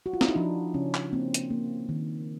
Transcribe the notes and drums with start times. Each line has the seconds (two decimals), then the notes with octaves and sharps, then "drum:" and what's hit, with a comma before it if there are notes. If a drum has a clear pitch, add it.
0.06 F#4
0.13 F4
0.21 E4, drum: snare C4
0.29 D#4
0.36 F3 D4
0.74 C#3 C#4
0.95 drum: clap
1.13 A#3 C4
1.34 drum: hi-hat
1.50 A#3
1.89 D#3